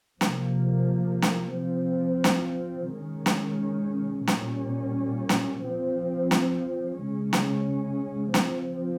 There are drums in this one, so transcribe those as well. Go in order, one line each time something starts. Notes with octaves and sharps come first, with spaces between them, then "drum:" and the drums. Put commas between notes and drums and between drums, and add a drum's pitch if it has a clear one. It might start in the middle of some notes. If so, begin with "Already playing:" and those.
C3 F3 A#3, drum: snare
drum: snare
F3 C4
drum: snare
D#3 G#3 C#4
drum: snare
A#2 G3 C#4, drum: snare
drum: snare
F3 C4
drum: snare
C#3 G#3 C#4
drum: snare
F3 C4, drum: snare